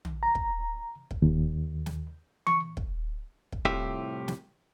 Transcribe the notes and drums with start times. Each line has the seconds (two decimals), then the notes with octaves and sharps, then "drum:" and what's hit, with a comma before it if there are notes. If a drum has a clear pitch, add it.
0.05 drum: tom
0.23 A#5
0.35 drum: kick
1.11 drum: kick
1.22 D#2
1.86 drum: snare
2.47 C#6, drum: tom E3
2.77 drum: kick
3.52 drum: kick
3.65 C2 A2 C3 F4 G4 E5
4.28 drum: snare